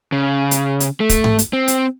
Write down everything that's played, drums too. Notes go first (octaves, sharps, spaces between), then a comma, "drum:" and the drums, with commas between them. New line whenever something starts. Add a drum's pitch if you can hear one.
C#3
drum: hi-hat
drum: hi-hat
A3
drum: kick, hi-hat
drum: tom G#2
drum: hi-hat
C4
drum: hi-hat